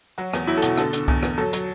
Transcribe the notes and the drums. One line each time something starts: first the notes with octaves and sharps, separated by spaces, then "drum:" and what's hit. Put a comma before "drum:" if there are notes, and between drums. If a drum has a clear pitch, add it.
F#3 F#4
E2, drum: rim click
F#3 E4
A4
B2 F#4, drum: hi-hat
D3 A4, drum: rim click
D3, drum: hi-hat
E2, drum: kick C2
E2, drum: rim click
F#3 A4
F#3, drum: hi-hat